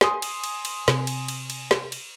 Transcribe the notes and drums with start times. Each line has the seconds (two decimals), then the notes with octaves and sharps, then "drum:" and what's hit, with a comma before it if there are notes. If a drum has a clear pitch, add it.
0.01 G#5 C6 D#6, drum: snare
0.22 drum: cymbal
0.44 drum: cymbal
0.65 drum: cymbal
0.88 C3, drum: snare
1.07 drum: cymbal
1.28 drum: cymbal
1.50 drum: cymbal
1.71 drum: snare
1.92 drum: cymbal